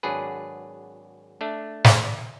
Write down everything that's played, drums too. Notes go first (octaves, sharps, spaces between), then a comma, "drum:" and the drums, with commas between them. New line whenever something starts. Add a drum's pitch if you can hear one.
G#1 F#3 D4 G#4 B4
A3 D4
drum: snare